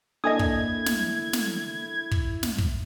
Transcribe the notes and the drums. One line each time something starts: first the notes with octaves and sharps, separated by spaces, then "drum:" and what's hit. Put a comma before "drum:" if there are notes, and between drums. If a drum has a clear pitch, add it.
A#3 D4 E4 A4 D#5 G#5 D#6 G#6
drum: kick
drum: snare
drum: snare
drum: kick
drum: snare
drum: kick